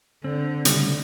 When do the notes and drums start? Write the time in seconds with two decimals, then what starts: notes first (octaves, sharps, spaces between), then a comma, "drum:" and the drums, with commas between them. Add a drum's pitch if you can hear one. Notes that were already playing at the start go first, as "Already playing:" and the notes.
0.24 D3 C4
0.65 C#3 G3 A3, drum: hi-hat